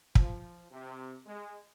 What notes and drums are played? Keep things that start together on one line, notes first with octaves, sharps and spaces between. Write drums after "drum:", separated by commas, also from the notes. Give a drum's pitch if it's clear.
F3, drum: kick
C3
G#3